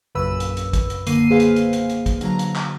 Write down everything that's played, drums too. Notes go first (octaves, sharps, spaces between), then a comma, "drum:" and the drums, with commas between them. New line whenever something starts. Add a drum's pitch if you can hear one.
A#1 F#2 C#3 B4 B5 E6
drum: hi-hat
drum: hi-hat
drum: kick, hi-hat
drum: hi-hat
D3 A#3 C7 D#7, drum: hi-hat
G#4 B4 C5 F5
drum: hi-hat
drum: hi-hat
drum: hi-hat
drum: hi-hat
drum: kick, hi-hat
D3 F#3 A#5, drum: hi-hat
drum: hi-hat
drum: clap